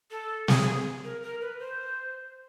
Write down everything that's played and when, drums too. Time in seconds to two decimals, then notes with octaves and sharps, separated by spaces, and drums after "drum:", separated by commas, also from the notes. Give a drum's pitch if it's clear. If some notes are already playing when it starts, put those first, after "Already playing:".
0.11 A4
0.48 G#4, drum: snare
0.63 G#4
1.04 A#4
1.23 A#4
1.41 B4
1.60 C5